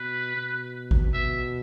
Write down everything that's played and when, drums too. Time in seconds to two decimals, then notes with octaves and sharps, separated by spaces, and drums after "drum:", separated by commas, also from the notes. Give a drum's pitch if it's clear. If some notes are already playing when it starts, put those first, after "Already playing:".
Already playing: B2 B4
0.37 B2
0.91 drum: kick G#1
1.13 B2 E5